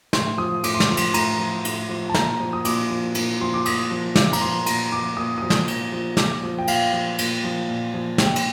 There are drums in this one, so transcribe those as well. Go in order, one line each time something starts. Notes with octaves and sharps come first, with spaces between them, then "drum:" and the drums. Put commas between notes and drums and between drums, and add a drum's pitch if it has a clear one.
A2 C6, drum: snare
F3 D#6
A2 D6, drum: cymbal
C6
D6, drum: snare
F3
C6, drum: cymbal
A2 A#5, drum: cymbal
F3
A2, drum: cymbal
F3
A5
A#2 A#5, drum: snare
F3
D#6
A#2 D6, drum: cymbal
F3
A#2, drum: cymbal
F3 C6
D6
A#2 D#6, drum: cymbal
F3
A#2 D6, drum: snare
A#5, drum: cymbal
F3 C6
A#2 A#5, drum: cymbal
F3 D6
A#2 D#6
F3 D#6
drum: snare
A#2, drum: cymbal
F3
A#2 D6, drum: snare
F3
G5
A#2 F5, drum: cymbal
F3
A#2, drum: cymbal
F3
A#2
F3
A#2 G5, drum: snare
drum: cymbal